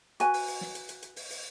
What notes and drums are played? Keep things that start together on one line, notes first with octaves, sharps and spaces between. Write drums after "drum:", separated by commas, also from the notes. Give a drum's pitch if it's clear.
F#4 B4 G#5, drum: hi-hat
drum: open hi-hat
drum: open hi-hat
drum: snare
drum: hi-hat
drum: hi-hat
drum: hi-hat
drum: open hi-hat
drum: open hi-hat